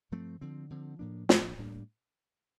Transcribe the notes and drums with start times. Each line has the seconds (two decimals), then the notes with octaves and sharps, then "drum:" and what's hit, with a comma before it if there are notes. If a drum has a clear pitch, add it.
0.12 G2 F3 A3 C4
0.41 D3 F3 C4
0.70 D3 F3 C4
0.99 A2 F3 A#3 D4
1.29 A2 F3 A#3 D4, drum: snare
1.59 A2 G3 A#3 D4